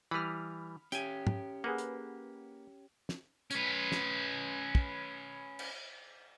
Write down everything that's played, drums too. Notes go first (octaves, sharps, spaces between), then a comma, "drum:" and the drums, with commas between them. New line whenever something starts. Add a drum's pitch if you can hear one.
E3 G3 B5 D#6 F6
C#4 G4 G5 G#5, drum: hi-hat
drum: tom
A#3 G#4 B4 F#5
drum: hi-hat
drum: snare
C#4 B4, drum: hi-hat
drum: snare
drum: kick
drum: cymbal